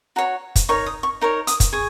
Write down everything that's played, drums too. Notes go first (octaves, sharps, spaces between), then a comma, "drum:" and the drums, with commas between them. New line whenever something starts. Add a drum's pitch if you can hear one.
F#4 C#5 A#5
drum: kick, hi-hat
D#4 A#4 C#5 C#6
D#6
C#6
D#4 A#4 C#5
D#6, drum: hi-hat
drum: kick, hi-hat
G#4 C#6